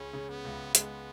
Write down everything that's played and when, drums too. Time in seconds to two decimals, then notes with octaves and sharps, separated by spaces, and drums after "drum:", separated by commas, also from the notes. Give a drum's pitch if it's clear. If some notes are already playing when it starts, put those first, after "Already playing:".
Already playing: C#2 C#3 C#4
0.13 C#3
0.29 B3
0.45 C#2
0.75 G#3 B3, drum: hi-hat